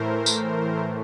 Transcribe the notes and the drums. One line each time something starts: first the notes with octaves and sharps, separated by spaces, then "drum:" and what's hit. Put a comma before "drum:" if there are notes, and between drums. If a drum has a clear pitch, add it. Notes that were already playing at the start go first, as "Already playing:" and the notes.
Already playing: A2 E3 A3 A#4 C5
drum: tambourine